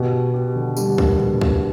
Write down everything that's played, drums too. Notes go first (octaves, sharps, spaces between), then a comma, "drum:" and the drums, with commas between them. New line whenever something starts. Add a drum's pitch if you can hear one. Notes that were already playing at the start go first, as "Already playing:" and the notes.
Already playing: B2 G4
G4
G4
D3
D3 G3, drum: tambourine
A#3, drum: kick C#2
D3, drum: tom A2
G4, drum: kick C#2